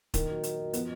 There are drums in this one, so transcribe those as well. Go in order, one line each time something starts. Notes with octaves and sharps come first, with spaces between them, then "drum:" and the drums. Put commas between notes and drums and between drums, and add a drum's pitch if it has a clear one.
A#2 D#3 D#4, drum: kick D#1, hi-hat
F#3
F#3, drum: hi-hat
F#3
F3 B3, drum: hi-hat